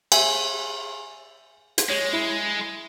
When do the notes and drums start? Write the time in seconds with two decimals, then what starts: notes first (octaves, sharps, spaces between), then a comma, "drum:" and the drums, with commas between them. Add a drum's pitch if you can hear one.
0.12 E5 G#5, drum: cymbal
1.78 drum: hi-hat
1.89 G#3 C#5
2.13 E4